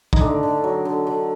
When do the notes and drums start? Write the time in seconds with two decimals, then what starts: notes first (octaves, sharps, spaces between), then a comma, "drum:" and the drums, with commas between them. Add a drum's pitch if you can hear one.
0.13 D#4, drum: kick
0.20 D3 A3 D4
0.43 D3
0.64 F#3
0.85 D3
1.07 D3